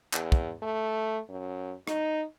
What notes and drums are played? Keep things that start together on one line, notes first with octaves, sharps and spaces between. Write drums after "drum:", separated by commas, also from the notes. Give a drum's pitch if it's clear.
E2, drum: clap
drum: kick
A3
F#2
D#4, drum: rim click